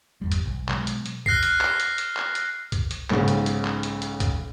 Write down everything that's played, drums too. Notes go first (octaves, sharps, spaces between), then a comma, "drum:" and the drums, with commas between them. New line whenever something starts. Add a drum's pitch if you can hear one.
G1 E2 G3
drum: hi-hat
B1
B2 F#3 G#3, drum: clap
drum: hi-hat
drum: hi-hat
F6 F#6 A#6 C7, drum: kick C2
drum: hi-hat
drum: clap
drum: hi-hat
drum: hi-hat
drum: clap
drum: hi-hat
drum: kick C2, hi-hat
drum: hi-hat
B1 G#2 C#3, drum: clap
drum: hi-hat
drum: hi-hat
drum: clap
drum: hi-hat
drum: hi-hat
drum: kick C2, hi-hat